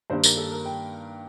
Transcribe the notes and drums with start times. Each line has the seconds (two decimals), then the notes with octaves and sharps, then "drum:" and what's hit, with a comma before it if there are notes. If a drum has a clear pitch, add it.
0.10 G2 D#3 G3 A#3 C5
0.24 A#4, drum: tambourine
0.37 A4
0.52 A#4
0.66 G5